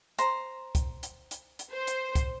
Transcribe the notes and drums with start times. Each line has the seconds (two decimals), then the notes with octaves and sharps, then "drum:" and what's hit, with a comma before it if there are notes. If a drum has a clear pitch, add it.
0.19 C5 A#5, drum: hi-hat
0.75 drum: kick C2, hi-hat
1.03 drum: hi-hat
1.31 drum: hi-hat
1.59 drum: hi-hat
1.72 C5
1.87 drum: hi-hat
2.15 drum: kick C2, hi-hat